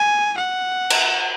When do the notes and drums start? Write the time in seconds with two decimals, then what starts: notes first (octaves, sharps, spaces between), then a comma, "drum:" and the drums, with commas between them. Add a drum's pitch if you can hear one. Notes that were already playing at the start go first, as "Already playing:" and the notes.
Already playing: G#5
0.38 F#5
0.90 drum: cymbal